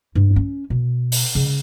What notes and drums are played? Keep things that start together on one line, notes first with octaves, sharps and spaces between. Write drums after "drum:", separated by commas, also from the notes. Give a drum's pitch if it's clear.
G2
C#4
B2
drum: open hi-hat
C#3